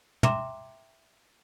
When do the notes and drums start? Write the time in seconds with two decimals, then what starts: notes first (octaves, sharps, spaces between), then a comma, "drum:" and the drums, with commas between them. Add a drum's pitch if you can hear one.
0.23 E5 G5 A#5 C6 D6 E7, drum: tom